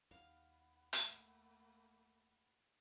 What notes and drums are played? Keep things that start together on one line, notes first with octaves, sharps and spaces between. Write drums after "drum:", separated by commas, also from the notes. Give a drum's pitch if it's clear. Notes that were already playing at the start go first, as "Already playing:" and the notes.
D#2 F5 F#5 B5
A3 A#3, drum: hi-hat